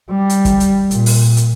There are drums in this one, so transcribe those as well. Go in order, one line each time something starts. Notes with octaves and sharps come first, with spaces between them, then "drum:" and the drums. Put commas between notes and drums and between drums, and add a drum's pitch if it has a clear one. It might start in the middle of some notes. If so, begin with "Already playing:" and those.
G3
drum: hi-hat
drum: kick, hi-hat
drum: hi-hat
A#2, drum: hi-hat
drum: open hi-hat
drum: hi-hat